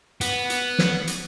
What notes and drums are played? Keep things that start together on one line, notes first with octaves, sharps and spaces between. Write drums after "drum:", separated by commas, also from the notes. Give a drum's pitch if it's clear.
B3, drum: hi-hat
drum: hi-hat
drum: snare
drum: hi-hat